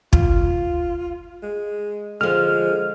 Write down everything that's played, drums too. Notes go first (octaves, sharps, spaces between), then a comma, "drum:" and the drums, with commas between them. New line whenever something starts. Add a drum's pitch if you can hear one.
F4, drum: kick
G#3
D3 F3 G#3 F6